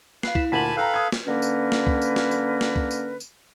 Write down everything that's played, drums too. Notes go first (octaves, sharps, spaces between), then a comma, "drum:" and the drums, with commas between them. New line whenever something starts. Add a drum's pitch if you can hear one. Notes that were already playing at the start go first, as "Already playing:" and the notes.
B4 F5 C7, drum: snare
E4, drum: kick
D2 A#2 G#5 A5 B5 B6 F#7
A4 B4 F5 G5 A#5
D#6 G#6
drum: snare
D3 A#3 C#4 A#4 B4
drum: tambourine
drum: snare
drum: kick
drum: tambourine
drum: snare
drum: tambourine
drum: snare
drum: kick
drum: tambourine
drum: tambourine